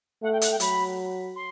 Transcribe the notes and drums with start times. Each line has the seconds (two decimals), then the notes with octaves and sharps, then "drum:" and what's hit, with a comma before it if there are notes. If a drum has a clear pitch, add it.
0.22 A3 F#5
0.32 G5
0.41 F#5, drum: hi-hat
0.51 G5
0.60 F#3 B5, drum: hi-hat
1.35 C6